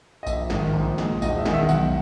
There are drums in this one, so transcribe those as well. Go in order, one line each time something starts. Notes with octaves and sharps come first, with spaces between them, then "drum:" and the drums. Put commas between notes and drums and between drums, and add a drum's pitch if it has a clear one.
D#5
A#1 E5, drum: kick G#1, tambourine
G#2 D#3, drum: snare
A#1
A#2 G#3, drum: snare
E1 D#5, drum: kick G#1, tambourine
E5
E2 D#3 G#3, drum: snare
E5
B1 F#5, drum: tambourine